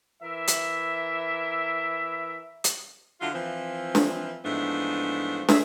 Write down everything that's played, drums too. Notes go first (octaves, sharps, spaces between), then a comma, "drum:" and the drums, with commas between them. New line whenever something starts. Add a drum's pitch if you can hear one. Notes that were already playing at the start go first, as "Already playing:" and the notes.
E3 A#4 E5
drum: hi-hat
drum: hi-hat
D3 F#3 E4 F4
E3 F3 C4
drum: snare
G#2 E3 F3 A3 B3 D4
G#4 E5, drum: snare